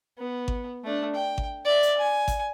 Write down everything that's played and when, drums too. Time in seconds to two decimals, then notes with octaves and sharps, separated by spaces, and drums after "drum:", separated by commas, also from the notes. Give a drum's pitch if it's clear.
0.18 B3
0.48 drum: kick G#1
0.84 A3 D4
1.15 G5
1.38 drum: kick G#1
1.65 D5 E5
1.83 drum: hi-hat
1.97 G#5
2.28 drum: kick G#1, hi-hat